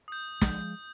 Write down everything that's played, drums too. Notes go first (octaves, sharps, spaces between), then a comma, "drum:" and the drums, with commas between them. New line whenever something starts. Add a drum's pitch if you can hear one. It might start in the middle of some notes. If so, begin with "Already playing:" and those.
D#6 G6
F3 G#3, drum: snare